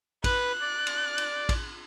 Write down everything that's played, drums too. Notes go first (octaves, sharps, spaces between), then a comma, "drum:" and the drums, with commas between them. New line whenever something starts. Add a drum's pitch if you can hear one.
B4 F#6, drum: kick A1, cymbal
D5
drum: cymbal
drum: cymbal
drum: kick A1, cymbal